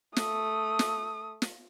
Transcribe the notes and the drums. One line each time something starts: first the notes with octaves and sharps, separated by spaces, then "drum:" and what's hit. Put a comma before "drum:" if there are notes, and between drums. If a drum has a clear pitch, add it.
A3 D#6, drum: snare
drum: snare
drum: snare